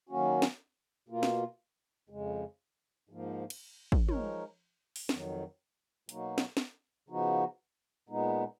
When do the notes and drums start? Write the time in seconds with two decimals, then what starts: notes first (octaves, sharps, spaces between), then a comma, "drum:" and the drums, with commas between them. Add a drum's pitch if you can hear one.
0.09 D#3 F#3 A#3 C#4 F#4
0.42 drum: snare
1.09 B2 A#3 F4
1.23 drum: snare
2.09 F2 C#3 G#3
3.09 G#2 F3 A#3
3.50 drum: cymbal
3.92 drum: kick
4.09 F3 G#3 D#4 A#4 C#5, drum: tom
4.96 drum: open hi-hat
5.09 F2 D#3 F#3, drum: snare
6.09 B2 F#3 A#3 D#4 F#4, drum: hi-hat
6.38 drum: snare
6.57 drum: snare
7.09 C#3 F3 B3 D#4 F#4
8.09 A#2 G#3 B3 D#4